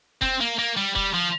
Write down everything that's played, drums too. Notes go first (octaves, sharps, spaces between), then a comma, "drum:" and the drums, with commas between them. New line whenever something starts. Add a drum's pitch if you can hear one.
C4, drum: kick E1
A#3
A#3
G3
G3, drum: kick E1
F3